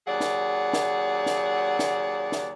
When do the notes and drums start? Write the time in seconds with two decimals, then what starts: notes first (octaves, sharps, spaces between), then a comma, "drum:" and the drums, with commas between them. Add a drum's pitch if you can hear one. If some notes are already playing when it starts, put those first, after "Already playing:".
0.07 D#2 F#3 G#4 D5 F#5
0.20 drum: snare
0.73 drum: snare
1.26 drum: snare
1.79 drum: snare
2.32 drum: snare